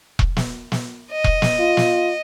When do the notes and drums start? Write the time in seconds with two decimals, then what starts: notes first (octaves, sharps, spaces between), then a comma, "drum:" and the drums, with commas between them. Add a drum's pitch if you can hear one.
0.19 drum: kick E1
0.37 drum: snare
0.72 drum: snare
1.12 D#5
1.24 drum: kick E1
1.42 drum: snare
1.59 F4
1.77 drum: snare